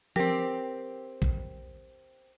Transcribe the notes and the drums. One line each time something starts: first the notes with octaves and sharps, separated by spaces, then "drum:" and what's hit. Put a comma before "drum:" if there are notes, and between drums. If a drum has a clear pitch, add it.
C4 G4 A#4, drum: tom F3
drum: kick A#1